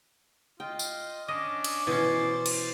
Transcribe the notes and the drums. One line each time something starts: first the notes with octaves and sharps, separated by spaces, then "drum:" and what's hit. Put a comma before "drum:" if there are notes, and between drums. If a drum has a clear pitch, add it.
F4 D#5 G5
drum: tambourine
C#4 D4 D#5 D6
drum: cymbal
B2 E3 C#4 C5 A6
drum: cymbal